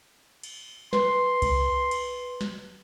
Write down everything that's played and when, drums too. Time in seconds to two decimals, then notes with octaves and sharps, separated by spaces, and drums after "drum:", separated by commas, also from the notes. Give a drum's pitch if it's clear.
0.43 drum: cymbal
0.93 B4 C6, drum: snare
1.42 drum: kick C2, cymbal
1.91 drum: cymbal
2.41 drum: snare